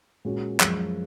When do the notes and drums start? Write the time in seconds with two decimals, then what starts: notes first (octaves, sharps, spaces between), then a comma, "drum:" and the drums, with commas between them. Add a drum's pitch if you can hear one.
0.25 A#2 G#3 C#4 F#4
0.60 F#2 F3 G#3, drum: clap